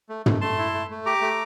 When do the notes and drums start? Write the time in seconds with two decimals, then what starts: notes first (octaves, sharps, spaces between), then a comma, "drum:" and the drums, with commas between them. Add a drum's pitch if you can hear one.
0.09 A3
0.26 A3, drum: tom
0.41 A3 A5 C6
0.58 E4
0.74 A3
0.91 A3
1.06 G4 A#5 D6
1.22 A3